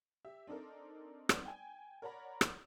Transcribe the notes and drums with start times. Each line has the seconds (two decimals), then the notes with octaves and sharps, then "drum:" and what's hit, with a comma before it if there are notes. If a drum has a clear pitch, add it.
0.25 G4 E5
0.47 C4 D4 D#4 A4 A#4
1.29 G3 A3 B3 C4 D#4, drum: rim click
1.45 G5 G#5
2.02 A#4 C#5 D5 F#5 A#5 B5
2.41 drum: rim click